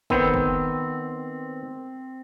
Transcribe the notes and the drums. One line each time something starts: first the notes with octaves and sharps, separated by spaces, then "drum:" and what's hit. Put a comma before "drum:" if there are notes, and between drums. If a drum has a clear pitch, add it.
D#3 B3 C4 C5, drum: kick
drum: kick